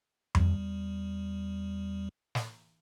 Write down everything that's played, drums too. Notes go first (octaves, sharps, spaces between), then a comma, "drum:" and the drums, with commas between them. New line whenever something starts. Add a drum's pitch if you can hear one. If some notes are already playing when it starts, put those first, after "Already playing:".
E2 G3, drum: tom F2
drum: snare